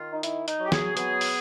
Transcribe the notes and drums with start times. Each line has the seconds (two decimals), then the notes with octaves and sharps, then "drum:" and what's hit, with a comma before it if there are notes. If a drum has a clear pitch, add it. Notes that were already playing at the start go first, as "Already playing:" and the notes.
Already playing: D#3 F4
0.12 D#4
0.23 D#4 E4, drum: hi-hat
0.48 D#4, drum: hi-hat
0.60 F#3
0.66 G4
0.72 G#4, drum: snare
0.97 B3 G#4, drum: hi-hat
1.21 drum: open hi-hat